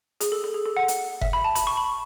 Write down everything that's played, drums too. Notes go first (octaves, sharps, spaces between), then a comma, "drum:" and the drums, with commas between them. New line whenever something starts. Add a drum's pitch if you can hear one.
G#4, drum: hi-hat
A4
A4
G#4
A4
F#5
drum: hi-hat
E5, drum: kick F#1
B5
A5
B5, drum: hi-hat
C#6
B5